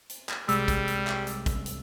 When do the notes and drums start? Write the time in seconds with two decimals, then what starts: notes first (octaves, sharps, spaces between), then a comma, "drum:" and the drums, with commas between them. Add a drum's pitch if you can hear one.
0.10 drum: hi-hat
0.29 drum: clap
0.49 C2 G3 G#3 E6, drum: hi-hat
0.68 drum: kick, hi-hat
0.88 drum: hi-hat
1.07 drum: clap
1.27 drum: hi-hat
1.46 drum: kick, hi-hat
1.66 drum: hi-hat